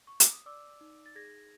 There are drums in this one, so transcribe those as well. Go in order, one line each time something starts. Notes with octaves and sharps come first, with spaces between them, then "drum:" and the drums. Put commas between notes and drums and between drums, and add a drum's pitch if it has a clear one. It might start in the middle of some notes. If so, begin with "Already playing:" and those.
C#6
D6, drum: hi-hat
D#6
D5 D6 E6
D#4
A6
G#4 G#6 A#6